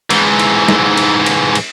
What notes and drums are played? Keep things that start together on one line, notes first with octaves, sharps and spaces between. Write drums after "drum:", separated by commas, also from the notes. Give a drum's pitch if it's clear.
G#2 E3, drum: cymbal
drum: cymbal
drum: snare
drum: cymbal
drum: cymbal
drum: cymbal